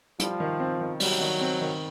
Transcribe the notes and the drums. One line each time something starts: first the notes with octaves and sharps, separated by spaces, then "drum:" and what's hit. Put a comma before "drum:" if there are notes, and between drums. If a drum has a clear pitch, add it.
F3 G3, drum: hi-hat
D#3
C4
D#3
F#3 G3, drum: open hi-hat
D#3
C4
D#3